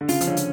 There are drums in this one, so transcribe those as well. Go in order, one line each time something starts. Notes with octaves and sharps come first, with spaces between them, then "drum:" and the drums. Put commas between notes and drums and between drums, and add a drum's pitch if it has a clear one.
D3
C#3 F4, drum: open hi-hat
F3, drum: hi-hat
D3 C#4
drum: hi-hat